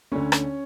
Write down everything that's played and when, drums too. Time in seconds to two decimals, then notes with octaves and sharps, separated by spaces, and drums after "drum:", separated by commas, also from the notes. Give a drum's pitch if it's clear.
0.12 D2 D3 C#4 C#5
0.32 drum: rim click